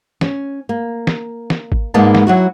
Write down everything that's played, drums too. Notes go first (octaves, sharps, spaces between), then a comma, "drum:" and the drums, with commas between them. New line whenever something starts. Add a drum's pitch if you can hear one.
C#4, drum: snare
A#3
drum: snare
drum: snare
drum: kick G#1
G#2 G#3 A#3 B3 D5 A5
drum: snare
F#3 E4 F#4